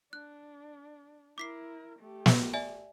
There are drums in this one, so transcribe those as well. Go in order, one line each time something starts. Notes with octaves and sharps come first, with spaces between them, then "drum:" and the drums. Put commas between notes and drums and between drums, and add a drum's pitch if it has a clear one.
D4 F#6
E4 A#4 D6 B6 C7
A3 G4
drum: snare
D5 E5 G#5